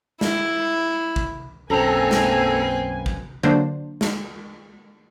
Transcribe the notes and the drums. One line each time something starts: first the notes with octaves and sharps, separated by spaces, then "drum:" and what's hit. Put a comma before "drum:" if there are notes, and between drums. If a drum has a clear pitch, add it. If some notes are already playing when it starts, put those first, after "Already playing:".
E4, drum: snare
drum: kick
B1 F#2 A#3 C4 A4 B4 G#5 A#5
drum: snare
drum: kick
D3 F#3 A#3 D4 C5
drum: snare